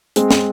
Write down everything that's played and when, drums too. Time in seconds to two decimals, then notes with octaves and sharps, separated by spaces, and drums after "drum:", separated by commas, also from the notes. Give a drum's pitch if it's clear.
0.16 G#3 C4, drum: hi-hat
0.31 drum: snare